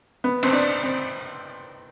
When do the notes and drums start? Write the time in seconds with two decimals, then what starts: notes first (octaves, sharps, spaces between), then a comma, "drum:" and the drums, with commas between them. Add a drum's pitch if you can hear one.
0.24 B3
0.43 C4, drum: cymbal
0.53 D4
0.83 C4